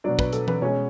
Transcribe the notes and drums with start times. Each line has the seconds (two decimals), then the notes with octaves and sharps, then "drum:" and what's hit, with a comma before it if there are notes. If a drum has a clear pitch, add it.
0.04 B2 F#3 D4 D5
0.19 B4, drum: kick
0.33 A4, drum: hi-hat
0.48 B4, drum: tom E3
0.62 B2 G#3 C#4 C#5